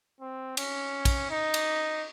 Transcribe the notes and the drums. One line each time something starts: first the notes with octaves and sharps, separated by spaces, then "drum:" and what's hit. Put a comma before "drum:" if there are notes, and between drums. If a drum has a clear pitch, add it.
C4
C#4, drum: cymbal
drum: kick A#1, cymbal
D#4
drum: cymbal